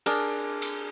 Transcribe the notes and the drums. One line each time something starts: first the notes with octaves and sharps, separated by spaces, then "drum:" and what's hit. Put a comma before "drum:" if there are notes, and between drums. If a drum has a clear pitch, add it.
D4 G#4 A#4, drum: cymbal
drum: cymbal